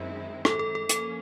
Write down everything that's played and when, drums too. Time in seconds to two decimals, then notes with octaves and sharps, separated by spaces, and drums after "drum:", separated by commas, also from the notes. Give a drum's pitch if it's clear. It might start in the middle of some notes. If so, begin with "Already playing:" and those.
Already playing: F#2 D#3 G#3 C4 E4
0.45 A4, drum: rim click
0.59 A4
0.75 A4
0.89 F3 A#3 C#4 A4, drum: hi-hat